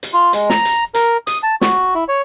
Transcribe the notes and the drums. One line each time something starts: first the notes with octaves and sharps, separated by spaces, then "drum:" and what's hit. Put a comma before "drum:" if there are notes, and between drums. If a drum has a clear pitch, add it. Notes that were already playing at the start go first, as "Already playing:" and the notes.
drum: hi-hat
F4
G#3, drum: hi-hat
A#5, drum: snare
drum: hi-hat
A#4, drum: hi-hat
D#6, drum: hi-hat
A5
F#4, drum: snare
E4
C#5